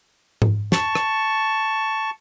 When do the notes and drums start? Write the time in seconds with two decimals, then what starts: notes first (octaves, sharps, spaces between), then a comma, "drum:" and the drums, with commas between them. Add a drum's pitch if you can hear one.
0.42 drum: tom G#2
0.72 A5 C#6, drum: snare
0.95 drum: rim click